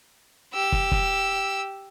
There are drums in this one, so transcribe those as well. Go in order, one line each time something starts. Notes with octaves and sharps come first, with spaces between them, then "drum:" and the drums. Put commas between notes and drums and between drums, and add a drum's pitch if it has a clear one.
G4 E6
drum: kick
drum: kick